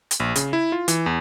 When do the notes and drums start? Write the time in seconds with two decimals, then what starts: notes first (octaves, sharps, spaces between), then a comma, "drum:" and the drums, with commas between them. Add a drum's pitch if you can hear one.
0.11 drum: hi-hat
0.20 A#1
0.36 C#3, drum: hi-hat
0.53 E4
0.72 F4
0.88 E3, drum: hi-hat
1.06 E2